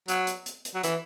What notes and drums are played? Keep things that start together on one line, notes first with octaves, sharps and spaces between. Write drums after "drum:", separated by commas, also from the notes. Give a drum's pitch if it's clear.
F#3, drum: hi-hat
drum: hi-hat
drum: hi-hat
drum: hi-hat
F#3
E3, drum: hi-hat